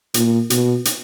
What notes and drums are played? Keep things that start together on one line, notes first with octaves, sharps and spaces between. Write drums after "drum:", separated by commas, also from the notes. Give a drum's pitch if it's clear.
A#2, drum: hi-hat
B2, drum: hi-hat
drum: hi-hat